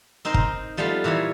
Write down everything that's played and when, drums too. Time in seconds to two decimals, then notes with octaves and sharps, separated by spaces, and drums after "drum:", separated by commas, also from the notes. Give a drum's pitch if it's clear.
0.25 C4 D#4 A#4 C5
0.34 drum: kick
0.77 F3 G3 A3 B3 F4
1.04 A#2 E3 E4 C#5